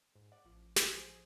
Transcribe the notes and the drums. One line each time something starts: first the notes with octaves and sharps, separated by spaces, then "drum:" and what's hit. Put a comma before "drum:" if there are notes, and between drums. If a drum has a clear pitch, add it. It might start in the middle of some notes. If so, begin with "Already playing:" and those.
G#2
D5 F#5
A1 F3 D6
drum: snare
G#4 C5